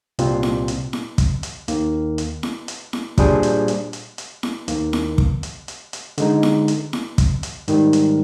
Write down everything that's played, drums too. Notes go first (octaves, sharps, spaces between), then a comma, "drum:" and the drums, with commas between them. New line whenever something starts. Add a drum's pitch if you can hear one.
C2 A#2 G3 C4 F4, drum: hi-hat
drum: snare E4
drum: hi-hat
drum: snare E4
drum: kick, hi-hat
drum: hi-hat
D#2 D#3 A#3, drum: hi-hat
drum: hi-hat
drum: snare E4
drum: hi-hat
drum: snare E4
A#2 G3 D4 G#4 C5, drum: kick, hi-hat
drum: hi-hat
drum: hi-hat
drum: hi-hat
drum: hi-hat
drum: snare E4
D#2 D#3 A#3, drum: hi-hat
drum: snare E4
drum: kick
drum: hi-hat
drum: hi-hat
drum: hi-hat
D3 G#3 D#4, drum: hi-hat
drum: snare E4
drum: hi-hat
drum: snare E4
drum: kick, hi-hat
drum: hi-hat
G#2 D#3 G3, drum: hi-hat
drum: hi-hat